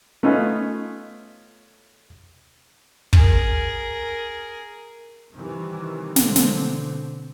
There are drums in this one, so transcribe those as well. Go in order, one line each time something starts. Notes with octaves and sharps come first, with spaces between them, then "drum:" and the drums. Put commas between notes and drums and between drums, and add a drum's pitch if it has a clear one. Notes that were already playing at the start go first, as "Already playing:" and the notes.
A3 B3 C#4 D#4 F4
G#4 A#4, drum: kick
C3 D#3 E3 G3
B2 D3 C4, drum: snare
drum: snare